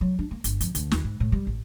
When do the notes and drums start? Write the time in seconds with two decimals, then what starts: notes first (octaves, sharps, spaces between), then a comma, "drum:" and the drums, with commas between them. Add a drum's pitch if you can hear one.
0.01 F#3
0.19 D4
0.31 A#3
0.44 G1, drum: hi-hat
0.60 F2, drum: hi-hat
0.75 D2, drum: hi-hat
0.91 D#2, drum: snare
1.04 G#2
1.20 A2
1.32 G3
1.47 A1